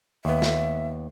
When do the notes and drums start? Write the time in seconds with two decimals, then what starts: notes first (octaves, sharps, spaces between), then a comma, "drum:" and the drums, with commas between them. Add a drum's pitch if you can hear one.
0.25 D#2 B3 E5
0.42 drum: snare